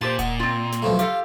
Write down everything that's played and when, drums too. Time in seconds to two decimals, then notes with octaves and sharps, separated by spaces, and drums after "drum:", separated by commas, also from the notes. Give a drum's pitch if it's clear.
0.01 A#2 F4 G4 C5 A5
0.19 D#5 F#5, drum: kick D#1, hi-hat
0.40 C4 F4
0.72 drum: snare
0.82 B1 F3 A3
0.99 F4 G4 A4 F5, drum: hi-hat